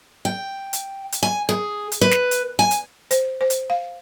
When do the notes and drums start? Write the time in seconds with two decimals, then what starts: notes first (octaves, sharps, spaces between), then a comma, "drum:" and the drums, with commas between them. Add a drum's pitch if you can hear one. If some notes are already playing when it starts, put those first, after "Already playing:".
0.25 G5
0.73 drum: hi-hat
1.12 drum: hi-hat
1.23 G#5
1.49 G#4
1.92 drum: hi-hat
2.01 B4
2.11 drum: snare
2.31 drum: hi-hat
2.59 G#5
2.71 drum: hi-hat
3.11 C5, drum: hi-hat
3.41 C5
3.50 drum: hi-hat
3.70 F5